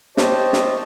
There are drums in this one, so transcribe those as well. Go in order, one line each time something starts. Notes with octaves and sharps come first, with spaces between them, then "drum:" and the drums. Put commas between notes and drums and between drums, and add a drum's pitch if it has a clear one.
G4 C5 C#5 D#5 A5, drum: snare
drum: snare